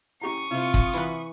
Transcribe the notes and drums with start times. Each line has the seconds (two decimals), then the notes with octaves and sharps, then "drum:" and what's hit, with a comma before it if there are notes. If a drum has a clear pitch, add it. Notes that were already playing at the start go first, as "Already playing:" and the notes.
0.22 C#4 G4 A#5 C#6 D#6
0.51 C3 C4 F4
0.74 drum: kick
0.93 E3 B4